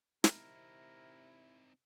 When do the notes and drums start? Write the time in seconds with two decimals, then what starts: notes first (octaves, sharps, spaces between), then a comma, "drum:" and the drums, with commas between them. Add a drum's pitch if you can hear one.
0.24 C3 C4 D#4 E4 A#4, drum: snare